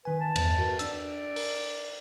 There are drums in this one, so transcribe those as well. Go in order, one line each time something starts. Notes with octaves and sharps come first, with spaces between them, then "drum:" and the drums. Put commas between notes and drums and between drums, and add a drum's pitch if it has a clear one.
D#3 B4 G#5
A5
E2 G2, drum: cymbal
F#4 A#4 B4
D4 D5 E6, drum: hi-hat
A#4, drum: open hi-hat